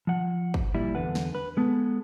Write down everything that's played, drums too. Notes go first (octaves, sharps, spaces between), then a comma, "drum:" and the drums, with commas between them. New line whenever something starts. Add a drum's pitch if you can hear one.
F3 F#5
drum: kick
A#2 G3 E4
E2 D3 B4 F#5
drum: snare
B4
G#3 B3 A4